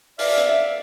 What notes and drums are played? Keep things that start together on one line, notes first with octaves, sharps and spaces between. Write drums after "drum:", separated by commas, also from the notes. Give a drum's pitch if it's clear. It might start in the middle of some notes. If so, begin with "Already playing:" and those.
D5 E5 F5, drum: open hi-hat
drum: hi-hat